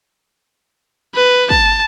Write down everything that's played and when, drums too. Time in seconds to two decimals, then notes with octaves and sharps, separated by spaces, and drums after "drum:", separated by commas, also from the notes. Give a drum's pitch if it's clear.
1.15 B4
1.50 A5, drum: kick